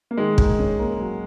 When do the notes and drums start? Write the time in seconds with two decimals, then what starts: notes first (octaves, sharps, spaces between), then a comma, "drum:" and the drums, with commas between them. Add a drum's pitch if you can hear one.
0.11 A#3
0.17 D#3 G#3
0.38 G#2, drum: kick
0.59 C#4
0.79 A#3
1.00 F#3